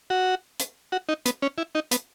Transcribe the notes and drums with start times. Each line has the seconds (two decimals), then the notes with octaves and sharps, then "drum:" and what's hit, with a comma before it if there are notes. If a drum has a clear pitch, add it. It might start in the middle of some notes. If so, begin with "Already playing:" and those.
0.10 F#4
0.59 drum: hi-hat
0.92 F#4
1.09 D#4
1.26 B3, drum: hi-hat
1.42 C#4
1.58 E4
1.75 D#4
1.91 B3, drum: hi-hat